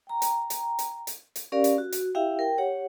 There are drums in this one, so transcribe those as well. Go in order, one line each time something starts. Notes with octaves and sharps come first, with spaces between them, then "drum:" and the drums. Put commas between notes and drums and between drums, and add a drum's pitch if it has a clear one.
G5 A#5
drum: hi-hat
drum: hi-hat
drum: hi-hat
drum: hi-hat
drum: hi-hat
C#4 G4 A#4 D5 F5
drum: hi-hat
F#4
drum: hi-hat
E4 G4 E5 F5 G5
A#4 G5
G4 C#5 F#5